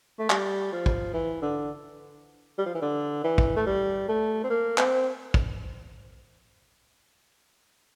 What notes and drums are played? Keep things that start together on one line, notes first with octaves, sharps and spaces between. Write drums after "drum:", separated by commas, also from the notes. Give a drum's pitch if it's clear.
A3
G3, drum: clap
F3
drum: kick
E3
D3
G3
F3
E3
D3
E3
drum: kick
A3
G3
A3
C4
A#3
C4, drum: clap
drum: kick